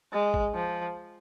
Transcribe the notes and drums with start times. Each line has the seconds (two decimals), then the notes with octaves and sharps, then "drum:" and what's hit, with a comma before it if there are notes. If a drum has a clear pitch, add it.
0.13 G#3
0.34 drum: kick
0.54 F3